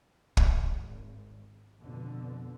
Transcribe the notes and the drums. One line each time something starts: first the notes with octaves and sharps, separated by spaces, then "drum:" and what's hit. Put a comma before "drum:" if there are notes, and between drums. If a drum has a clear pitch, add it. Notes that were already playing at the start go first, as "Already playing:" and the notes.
G#1, drum: kick
F2 B2 D3